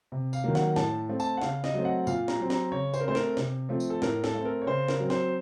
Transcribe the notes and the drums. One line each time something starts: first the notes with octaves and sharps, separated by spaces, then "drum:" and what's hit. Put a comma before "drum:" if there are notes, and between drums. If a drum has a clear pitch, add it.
C3
F5, drum: tambourine
D#3 F#3 A#3
F#5, drum: snare
A2 A5, drum: snare
A3 C4
A5, drum: tambourine
F#5
C#3 F5, drum: snare
D#5, drum: snare
F#3 A3 C4
F#5
A#2 F5, drum: tambourine
A#5, drum: snare
F#3 C4
A#5, drum: snare
C#3 C#5
C5, drum: tambourine
A#4
A3 C4 C5
A#4, drum: snare
C3, drum: snare
F3 A3 C4
drum: tambourine
A4
A2 A#4, drum: snare
A4, drum: snare
A3 C4
A#4
C#5
C#3 C5
A#4, drum: snare
F#3 C4
C5, drum: snare